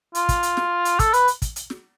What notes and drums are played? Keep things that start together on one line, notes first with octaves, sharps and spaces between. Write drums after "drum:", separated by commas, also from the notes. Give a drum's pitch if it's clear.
F4, drum: hi-hat
drum: kick, hi-hat
drum: hi-hat
drum: snare
drum: hi-hat
A4, drum: kick, hi-hat
B4, drum: hi-hat
drum: hi-hat
drum: kick, hi-hat
drum: hi-hat
drum: snare